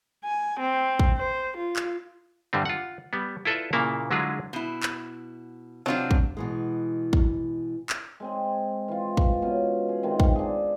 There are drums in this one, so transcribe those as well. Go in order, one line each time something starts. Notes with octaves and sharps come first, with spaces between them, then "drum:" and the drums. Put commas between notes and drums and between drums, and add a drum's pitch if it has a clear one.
G#5
C4
drum: kick
C5
F4
drum: clap
G2 D3 G3 C4
F4 F#5
G3 B3
E4 F4 A4 B4 D5 E5
A#2 C#3 A#3 E4 F5
D3 F#3 G#3 E4 F4 G#4
B2 E4
drum: clap
C3 F#3 C4 D4 F4
drum: kick
B2 E3 G#3
drum: kick
drum: clap
G#3 C4 G#4
E3 F4
drum: kick
B2 C#4
G#4
C3 D#3 G#3
drum: kick
D4 G#4